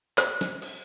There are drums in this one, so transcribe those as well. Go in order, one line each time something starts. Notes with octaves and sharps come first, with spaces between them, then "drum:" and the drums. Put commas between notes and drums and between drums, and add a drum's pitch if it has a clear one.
C5, drum: clap
drum: snare
drum: cymbal